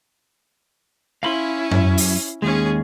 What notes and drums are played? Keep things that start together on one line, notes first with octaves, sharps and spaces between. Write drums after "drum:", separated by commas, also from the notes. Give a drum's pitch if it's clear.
C#4 E4 F5 B5 C6
F#2, drum: tom F#2
drum: open hi-hat
D#2 G#3 C#4 G#4